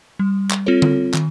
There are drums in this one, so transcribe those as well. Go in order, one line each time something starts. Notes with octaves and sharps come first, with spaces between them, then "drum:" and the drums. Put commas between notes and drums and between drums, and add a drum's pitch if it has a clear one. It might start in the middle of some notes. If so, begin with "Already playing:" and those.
G3
drum: clap
C4 F4 A4 C#5
drum: tom D3
D#3, drum: clap